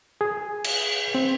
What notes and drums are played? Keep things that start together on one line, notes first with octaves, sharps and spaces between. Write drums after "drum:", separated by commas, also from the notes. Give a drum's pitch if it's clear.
G#4
drum: cymbal
C4